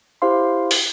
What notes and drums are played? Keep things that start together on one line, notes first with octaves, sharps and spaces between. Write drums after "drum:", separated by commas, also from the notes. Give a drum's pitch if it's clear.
E4 G4 C5 F5 C6
drum: open hi-hat